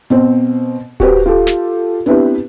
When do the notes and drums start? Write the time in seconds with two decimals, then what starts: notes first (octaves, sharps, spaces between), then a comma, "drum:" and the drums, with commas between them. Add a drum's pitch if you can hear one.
0.10 B2 C4 C5, drum: hi-hat
1.00 F#4 G4 B4 C5, drum: kick D1
1.26 F4 G4 A4
1.47 drum: snare
2.06 B3 C4 D4 E4 G4 B4, drum: hi-hat